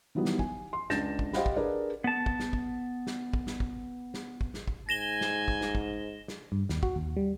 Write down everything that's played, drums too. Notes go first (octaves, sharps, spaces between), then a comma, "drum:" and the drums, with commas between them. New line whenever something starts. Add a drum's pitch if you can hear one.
D#3 E3 F#3 G3 B3
drum: snare
G#5, drum: kick
C6
C#2 D4 G6 A6 A#6 E7, drum: snare
drum: kick
G4 C5 D#5 F5 F#5 B5, drum: snare
drum: kick
D4 G#4 A#4 B4 D5
B3 A5
drum: kick
drum: snare
drum: kick
drum: snare
drum: kick
drum: snare
drum: kick
drum: snare
drum: kick
drum: snare
drum: kick
G#2 G#5 A#6 E7 G7
drum: snare
drum: kick
drum: snare
drum: kick
drum: snare
G2
D#2, drum: snare
F#4, drum: kick
D#2
G3